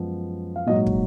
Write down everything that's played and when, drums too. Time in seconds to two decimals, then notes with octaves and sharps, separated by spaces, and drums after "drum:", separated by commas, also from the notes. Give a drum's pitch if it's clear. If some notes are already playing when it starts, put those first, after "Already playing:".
Already playing: F#2 F3 G#3 B3
0.56 F5
0.67 A#1 G#2 F#3 D#5
0.87 drum: kick